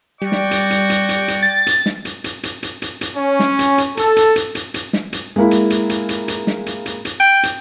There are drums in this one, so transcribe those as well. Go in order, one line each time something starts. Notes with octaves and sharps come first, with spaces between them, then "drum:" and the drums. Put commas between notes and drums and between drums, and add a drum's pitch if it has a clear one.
G3 F#4 D5 G5 C#6
drum: snare
drum: hi-hat
drum: hi-hat
drum: hi-hat
drum: hi-hat
drum: hi-hat
A6
drum: hi-hat
drum: snare
drum: hi-hat
drum: hi-hat
drum: hi-hat
drum: hi-hat
drum: hi-hat
drum: hi-hat
C#4
drum: snare
drum: hi-hat
drum: hi-hat
A4, drum: hi-hat
drum: hi-hat
drum: hi-hat
drum: hi-hat
drum: hi-hat
drum: snare
drum: hi-hat
G#3 A#3 E4
drum: hi-hat
drum: hi-hat
drum: hi-hat
drum: hi-hat
drum: hi-hat
drum: snare
drum: hi-hat
drum: hi-hat
drum: hi-hat
G5
drum: hi-hat